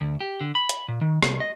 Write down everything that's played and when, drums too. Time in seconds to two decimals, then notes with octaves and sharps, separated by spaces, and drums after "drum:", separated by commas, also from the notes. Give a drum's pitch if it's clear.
0.01 D2
0.21 G4
0.41 D3
0.55 B5
0.69 drum: hi-hat
0.88 A#2
1.01 D#3
1.22 C2, drum: rim click
1.40 D#5